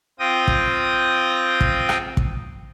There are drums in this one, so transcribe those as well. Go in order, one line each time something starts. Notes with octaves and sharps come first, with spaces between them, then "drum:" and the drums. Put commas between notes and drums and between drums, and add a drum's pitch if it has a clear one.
C4 F4 G5 D#6 A#6
drum: kick
drum: kick
drum: rim click
drum: kick